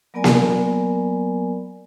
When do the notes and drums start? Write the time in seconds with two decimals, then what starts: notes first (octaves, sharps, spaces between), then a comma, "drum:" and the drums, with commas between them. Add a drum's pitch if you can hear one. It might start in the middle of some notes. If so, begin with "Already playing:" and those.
0.14 F#3 A#3 B3 A#4 D5 G#5
0.24 drum: snare A#3